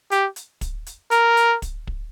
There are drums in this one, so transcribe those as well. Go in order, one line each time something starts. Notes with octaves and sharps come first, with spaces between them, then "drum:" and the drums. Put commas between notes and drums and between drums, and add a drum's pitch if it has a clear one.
G4, drum: hi-hat
drum: hi-hat
drum: kick, hi-hat
drum: hi-hat
A#4, drum: hi-hat
drum: hi-hat
drum: kick, hi-hat
drum: kick